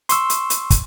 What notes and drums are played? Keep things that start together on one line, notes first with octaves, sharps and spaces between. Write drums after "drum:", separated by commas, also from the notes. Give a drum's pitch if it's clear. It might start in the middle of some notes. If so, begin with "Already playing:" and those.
C6 C#6 E6, drum: hi-hat
drum: hi-hat
drum: hi-hat
drum: kick, hi-hat